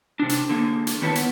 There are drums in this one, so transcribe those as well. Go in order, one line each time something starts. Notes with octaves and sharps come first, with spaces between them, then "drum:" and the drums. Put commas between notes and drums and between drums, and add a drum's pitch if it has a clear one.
C3 D4
drum: hi-hat
D3 A#3 G#4
drum: hi-hat
D#3 C4 E4 B4 C#5 A5
B3, drum: hi-hat